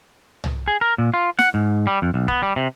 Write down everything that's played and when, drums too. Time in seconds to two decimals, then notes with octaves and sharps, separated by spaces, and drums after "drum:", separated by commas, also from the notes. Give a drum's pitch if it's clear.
0.44 drum: tom
0.68 G#4
0.81 A#4
0.98 A#2
1.14 F4
1.39 F#5, drum: snare
1.54 G#2
1.87 G3
2.02 F2
2.14 B1
2.28 B3, drum: kick
2.43 G3
2.56 C3